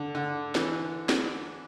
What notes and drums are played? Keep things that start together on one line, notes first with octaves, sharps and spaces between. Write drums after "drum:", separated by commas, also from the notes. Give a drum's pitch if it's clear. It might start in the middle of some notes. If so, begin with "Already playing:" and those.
Already playing: D3
D3
E3, drum: snare
drum: snare